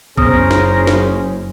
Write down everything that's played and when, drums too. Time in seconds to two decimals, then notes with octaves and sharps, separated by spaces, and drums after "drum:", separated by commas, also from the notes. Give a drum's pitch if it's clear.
0.18 F#1 F#2 B3 C#4 G#4 A#4 C5 D#6, drum: kick
0.51 drum: snare
0.87 drum: snare